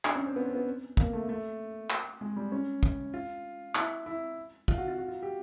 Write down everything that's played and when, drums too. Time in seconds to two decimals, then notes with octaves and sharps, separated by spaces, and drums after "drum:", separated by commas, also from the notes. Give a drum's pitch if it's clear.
0.05 D4, drum: clap
0.15 C#4
0.25 C4
0.36 B3
0.46 C4
0.55 B3
0.97 A#3, drum: kick
1.13 A3
1.29 A3
1.90 drum: clap
2.21 G#3
2.36 G3
2.52 C#4
2.83 drum: kick
3.14 F4
3.75 E4, drum: clap
4.06 E4
4.68 F4, drum: kick
4.78 F#4
4.88 F4
4.98 F#4
5.08 F4
5.23 G4